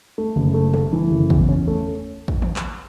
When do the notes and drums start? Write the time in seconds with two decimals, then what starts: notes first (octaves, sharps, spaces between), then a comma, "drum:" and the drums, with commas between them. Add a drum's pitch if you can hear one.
0.18 A3
0.36 F#1
0.54 A3
0.74 A3, drum: tom C3
0.93 E3
1.11 F#1
1.30 E2, drum: kick
1.49 C#4
1.68 A3
2.28 drum: kick
2.42 drum: tom D#3
2.56 drum: clap